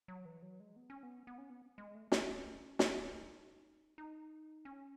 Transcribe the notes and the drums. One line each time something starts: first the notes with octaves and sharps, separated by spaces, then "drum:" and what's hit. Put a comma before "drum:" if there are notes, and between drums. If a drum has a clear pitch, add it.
F#3
E3
F#3
G#3
B3
C#4
B3
B3
C#4
B3
G#3
A3
A3, drum: snare
C#4
drum: snare
D#4
D#4
C#4